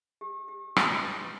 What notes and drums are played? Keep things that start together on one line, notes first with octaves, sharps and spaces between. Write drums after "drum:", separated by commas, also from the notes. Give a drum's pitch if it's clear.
G4
G4
B4, drum: rim click
B4